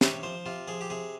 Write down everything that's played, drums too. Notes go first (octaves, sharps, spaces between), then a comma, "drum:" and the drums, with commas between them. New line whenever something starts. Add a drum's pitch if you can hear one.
C3 C#5, drum: snare
F3 C5
C3 F4
F3 G#4
G4
C3 G#4